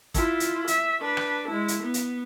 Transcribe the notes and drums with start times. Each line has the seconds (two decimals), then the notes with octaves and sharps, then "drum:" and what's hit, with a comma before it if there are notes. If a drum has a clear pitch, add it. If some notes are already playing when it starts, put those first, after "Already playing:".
0.14 E4 F4, drum: kick, hi-hat
0.40 drum: hi-hat
0.67 E5, drum: hi-hat
1.00 D4 B4
1.17 drum: rim click
1.48 G#3 E4
1.68 drum: hi-hat
1.83 B3
1.94 drum: hi-hat